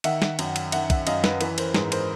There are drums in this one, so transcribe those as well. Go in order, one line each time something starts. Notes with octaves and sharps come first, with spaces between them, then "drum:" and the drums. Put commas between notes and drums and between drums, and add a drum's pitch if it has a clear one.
D#3 E5 F#5, drum: cymbal
drum: snare
F#2, drum: cymbal
drum: cymbal
D#3 E5 F#5, drum: cymbal
E5 F#5, drum: kick, cymbal
F#2 D#5 F5, drum: cymbal
B4, drum: snare
E3 B4, drum: cymbal
A#4 C5, drum: cymbal
G#2 B4, drum: snare
A#4 C5, drum: cymbal